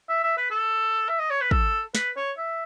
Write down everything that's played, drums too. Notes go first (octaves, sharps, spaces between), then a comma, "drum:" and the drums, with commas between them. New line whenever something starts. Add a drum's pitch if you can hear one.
E5
E5
B4
A4
E5
D#5
C#5
B4
A4, drum: kick
B4, drum: snare
C#5
E5